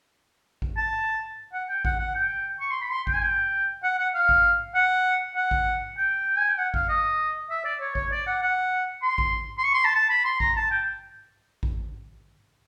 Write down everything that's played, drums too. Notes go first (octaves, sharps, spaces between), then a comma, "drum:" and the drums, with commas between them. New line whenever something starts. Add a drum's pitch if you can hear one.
drum: kick A1
A5
F#5
G5
F#5, drum: kick A1
F#5
G5
C#6
C6
B5
C6
G5, drum: kick A1
G#5
G5
F#5
F#5
F5
drum: kick A1
F#5
F#5
drum: kick A1
G5
G#5
G5
F#5
F5, drum: kick A1
D#5
E5
D5
C#5
C#5, drum: kick A1
D5
F#5
F#5
C6
drum: kick A1
C6
C#6
C6
A5
A5
B5
C6
A#5, drum: kick A1
A5
G5
drum: kick A1